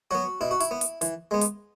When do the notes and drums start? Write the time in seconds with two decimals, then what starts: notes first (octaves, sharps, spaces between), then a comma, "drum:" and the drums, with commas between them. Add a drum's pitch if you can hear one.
0.11 F#3 B3 F#4
0.41 B2 E4
0.51 F#4
0.60 E4, drum: hi-hat
0.71 B3
0.81 drum: hi-hat
1.01 E3, drum: hi-hat
1.31 G#3 B3
1.41 drum: hi-hat